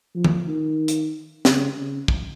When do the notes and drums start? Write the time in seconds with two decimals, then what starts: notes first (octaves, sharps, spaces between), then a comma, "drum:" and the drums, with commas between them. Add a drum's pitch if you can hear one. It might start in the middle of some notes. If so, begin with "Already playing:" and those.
0.15 F3
0.24 drum: tom D#3
0.48 D#3
0.88 drum: hi-hat
1.45 C#3, drum: snare
1.78 C#3
2.08 drum: kick